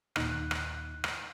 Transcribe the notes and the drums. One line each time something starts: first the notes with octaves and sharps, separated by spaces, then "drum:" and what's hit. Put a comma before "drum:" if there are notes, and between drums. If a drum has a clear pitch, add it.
D#2 A#2 D#4 F#6, drum: rim click
drum: rim click
drum: rim click